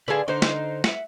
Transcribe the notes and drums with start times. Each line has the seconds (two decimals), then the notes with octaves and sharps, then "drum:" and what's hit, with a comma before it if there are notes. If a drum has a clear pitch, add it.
0.08 D3 G#4 B4 F5 A5
0.28 D3 D#4 C5
0.42 drum: snare
0.84 E5 F#5, drum: snare